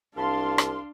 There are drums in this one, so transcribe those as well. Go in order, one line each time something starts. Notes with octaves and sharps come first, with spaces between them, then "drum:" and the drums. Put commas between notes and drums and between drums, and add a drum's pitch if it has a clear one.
C2 D4 F5 A5 C6
drum: rim click